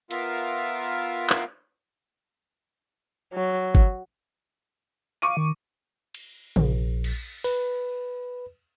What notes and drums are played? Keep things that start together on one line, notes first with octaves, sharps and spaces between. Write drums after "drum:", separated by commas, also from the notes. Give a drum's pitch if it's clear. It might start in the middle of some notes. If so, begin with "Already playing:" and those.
B3 F4 A#4 E5 F5, drum: hi-hat
drum: clap
F#3
drum: kick
F5 C#6 D6 D#7
D#3
drum: cymbal
A#1, drum: tom
drum: cymbal
B4, drum: open hi-hat